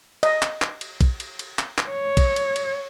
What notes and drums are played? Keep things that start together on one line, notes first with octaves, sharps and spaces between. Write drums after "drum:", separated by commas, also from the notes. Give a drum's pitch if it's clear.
D#5, drum: cymbal
drum: clap
drum: clap
drum: cymbal
drum: kick, cymbal
drum: cymbal
drum: cymbal
drum: clap
drum: clap
C#5
drum: kick, cymbal
drum: cymbal
drum: cymbal